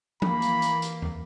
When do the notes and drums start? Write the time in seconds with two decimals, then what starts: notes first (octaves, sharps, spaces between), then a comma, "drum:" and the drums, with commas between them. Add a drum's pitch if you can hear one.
0.22 E3 A#3 B5, drum: tom F3
0.42 drum: hi-hat
0.62 drum: hi-hat
0.82 drum: hi-hat
1.02 drum: tom E2